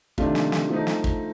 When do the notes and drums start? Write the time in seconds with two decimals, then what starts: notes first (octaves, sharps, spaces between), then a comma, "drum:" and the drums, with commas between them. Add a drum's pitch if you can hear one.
0.18 C3 D#3 A3 D4 F4, drum: kick
0.35 drum: snare
0.52 drum: snare
0.70 F3 A3 D#4
0.87 drum: snare
1.04 drum: kick